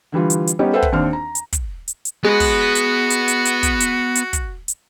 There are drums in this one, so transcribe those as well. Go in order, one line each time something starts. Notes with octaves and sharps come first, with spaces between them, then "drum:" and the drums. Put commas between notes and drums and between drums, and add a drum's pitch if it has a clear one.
D3 E3 G3 F4
drum: hi-hat
drum: hi-hat
G3 B3 C#4 D#4 G4
A4 B4 C5 E5 F#5 G5
drum: kick
D#2 C4 D4 F6
A#5
drum: hi-hat
drum: kick, hi-hat
drum: hi-hat
drum: hi-hat
G#3 B3 F#4 B4
drum: kick, open hi-hat
drum: hi-hat
drum: hi-hat
drum: hi-hat
drum: hi-hat
drum: kick, hi-hat
drum: hi-hat
drum: hi-hat
drum: kick, hi-hat
drum: hi-hat